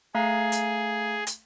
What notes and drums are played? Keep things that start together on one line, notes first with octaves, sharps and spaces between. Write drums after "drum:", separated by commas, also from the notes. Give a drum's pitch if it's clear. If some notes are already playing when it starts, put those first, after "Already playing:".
A3 G#4 F5 A#5
drum: hi-hat
drum: hi-hat